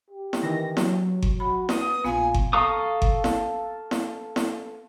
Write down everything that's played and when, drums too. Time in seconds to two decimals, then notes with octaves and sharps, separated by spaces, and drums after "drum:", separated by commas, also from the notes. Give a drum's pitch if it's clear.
0.11 G4
0.33 drum: snare E4
0.43 D#3 E3 A#6
0.77 F#3, drum: snare E4
1.22 drum: kick G1
1.40 F#4 B5
1.69 B3 D#6, drum: snare E4
2.04 A#1 B3 F4 G#5
2.34 drum: kick G1
2.53 A4 F5 A#5 C#6 D#6
3.02 drum: kick G1
3.24 drum: snare E4
3.91 drum: snare E4
4.36 drum: snare E4